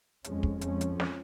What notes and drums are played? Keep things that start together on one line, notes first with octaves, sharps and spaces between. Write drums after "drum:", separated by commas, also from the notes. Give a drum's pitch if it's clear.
F2 F3 G#3 C#4, drum: hi-hat
drum: kick
F2 F3 C#4, drum: hi-hat
drum: hi-hat
drum: snare